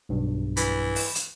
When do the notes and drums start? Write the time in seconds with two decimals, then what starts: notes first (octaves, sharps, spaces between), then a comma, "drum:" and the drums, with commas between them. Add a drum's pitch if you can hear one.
0.09 B1 G2
0.57 E3, drum: hi-hat
0.96 drum: open hi-hat
1.15 drum: hi-hat